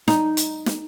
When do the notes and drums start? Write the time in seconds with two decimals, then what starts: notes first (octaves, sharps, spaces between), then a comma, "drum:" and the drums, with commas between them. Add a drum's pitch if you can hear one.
0.08 D#4, drum: snare
0.37 drum: hi-hat
0.66 drum: snare